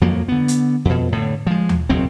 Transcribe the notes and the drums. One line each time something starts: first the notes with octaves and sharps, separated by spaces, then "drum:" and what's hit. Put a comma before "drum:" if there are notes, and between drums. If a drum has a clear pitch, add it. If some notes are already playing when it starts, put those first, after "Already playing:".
F2 F3 F#3 A#3
D3 B3
drum: hi-hat
F2 B2
A2 D3
F3 G#3
drum: tom D#2
F#1 B2 F#3 C4